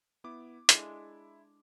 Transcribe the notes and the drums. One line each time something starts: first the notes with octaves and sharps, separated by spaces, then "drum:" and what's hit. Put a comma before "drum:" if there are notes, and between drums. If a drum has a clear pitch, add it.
B3 E4 D6
G#3 D4 E4 A4, drum: hi-hat